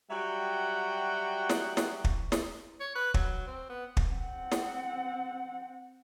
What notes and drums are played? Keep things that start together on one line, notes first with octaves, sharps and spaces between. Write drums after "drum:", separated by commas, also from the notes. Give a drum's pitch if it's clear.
F#3 G3 F#4 E5 F#5 G5
drum: snare
drum: snare
drum: kick
drum: snare
C#5
B4
F#3, drum: kick
C4
B3
drum: kick
C4 F#5
drum: snare